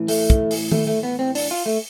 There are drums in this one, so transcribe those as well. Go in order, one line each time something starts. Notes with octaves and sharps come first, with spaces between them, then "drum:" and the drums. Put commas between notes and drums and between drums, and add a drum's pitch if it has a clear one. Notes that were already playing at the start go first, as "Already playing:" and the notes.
Already playing: A2 E3
A3, drum: open hi-hat
drum: kick, hi-hat
drum: open hi-hat
A3, drum: tom D#3
A3
B3
C4
D4, drum: open hi-hat
F4
A3